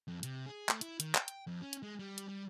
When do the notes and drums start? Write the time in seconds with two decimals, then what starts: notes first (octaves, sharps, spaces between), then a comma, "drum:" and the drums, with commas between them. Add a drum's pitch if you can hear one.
0.08 F2
0.23 C3, drum: hi-hat
0.46 G#4
0.69 A3, drum: clap
0.81 E4, drum: hi-hat
1.00 D#3, drum: hi-hat
1.15 G5, drum: clap
1.28 drum: hi-hat
1.47 F2
1.62 C#4
1.73 drum: hi-hat
1.83 G#3
1.99 G3
2.18 drum: hi-hat
2.29 G3